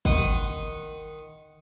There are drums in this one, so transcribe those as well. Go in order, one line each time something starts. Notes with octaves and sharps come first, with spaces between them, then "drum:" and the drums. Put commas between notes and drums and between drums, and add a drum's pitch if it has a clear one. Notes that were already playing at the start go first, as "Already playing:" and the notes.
D#3 F#5 C6 D#6, drum: kick